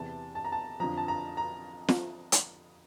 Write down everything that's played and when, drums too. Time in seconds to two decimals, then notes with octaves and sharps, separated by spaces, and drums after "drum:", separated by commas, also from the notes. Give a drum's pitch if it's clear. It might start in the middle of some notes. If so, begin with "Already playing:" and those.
Already playing: E2 C3 E3 A5
0.35 A5
0.45 A#5
0.52 A5
0.80 F2 D3 F3 A#5
0.97 A5
1.08 A#5
1.37 A#5
1.88 drum: snare
2.32 drum: hi-hat